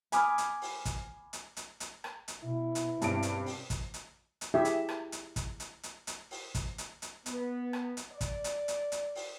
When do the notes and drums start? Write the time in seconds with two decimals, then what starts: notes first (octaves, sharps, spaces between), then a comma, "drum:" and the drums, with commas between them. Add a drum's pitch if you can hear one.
0.12 G#5 B5 D6 D#6 F6, drum: hi-hat
0.38 drum: hi-hat
0.62 drum: open hi-hat
0.85 drum: kick, hi-hat
1.33 drum: hi-hat
1.57 drum: hi-hat
1.80 drum: hi-hat
2.04 drum: rim click
2.28 drum: hi-hat
2.43 B2 E4
2.75 drum: hi-hat
3.02 G2 B2 C4 C#4 D7, drum: hi-hat
3.23 drum: hi-hat
3.46 drum: open hi-hat
3.70 drum: kick, hi-hat
3.94 drum: hi-hat
4.41 drum: hi-hat
4.54 E4 G4 G#4 E5
4.65 drum: hi-hat
4.89 drum: rim click
5.12 drum: hi-hat
5.36 drum: kick, hi-hat
5.60 drum: hi-hat
5.83 drum: hi-hat
6.07 drum: hi-hat
6.31 drum: open hi-hat
6.55 drum: kick, hi-hat
6.78 drum: hi-hat
7.02 drum: hi-hat
7.26 B3, drum: hi-hat
7.73 drum: rim click
7.97 drum: hi-hat
8.11 D5
8.21 drum: kick, hi-hat
8.44 drum: hi-hat
8.68 drum: hi-hat
8.92 drum: hi-hat
9.15 drum: open hi-hat